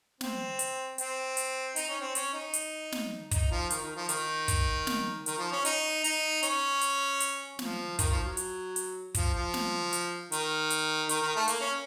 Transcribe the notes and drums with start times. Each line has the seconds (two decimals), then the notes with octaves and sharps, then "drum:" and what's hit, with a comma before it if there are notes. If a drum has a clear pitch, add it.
0.21 C4, drum: snare
0.59 drum: hi-hat
0.98 C4, drum: hi-hat
1.37 drum: hi-hat
1.76 D#4, drum: hi-hat
1.89 C#4
2.01 C4
2.15 C#4, drum: hi-hat
2.34 D#4
2.53 drum: hi-hat
2.92 drum: snare
3.31 D#4, drum: kick, hi-hat
3.51 F3
3.70 D#3, drum: hi-hat
3.83 D#3
3.96 F3
4.09 D#3, drum: hi-hat
4.48 drum: kick, hi-hat
4.87 drum: snare
5.26 D#3, drum: hi-hat
5.38 F3
5.52 C#4
5.65 D#4, drum: hi-hat
6.04 D#4, drum: hi-hat
6.43 C#4, drum: hi-hat
6.81 drum: hi-hat
7.20 drum: hi-hat
7.59 F3, drum: snare
7.99 D#3, drum: kick, hi-hat
8.11 F3
8.24 F#3
8.37 drum: hi-hat
8.76 drum: hi-hat
9.15 F3, drum: kick, hi-hat
9.34 F3
9.54 drum: snare
9.93 drum: hi-hat
10.32 D#3, drum: hi-hat
10.70 drum: hi-hat
11.09 D#3, drum: hi-hat
11.22 D#3
11.36 A3
11.48 A#3, drum: hi-hat
11.61 C#4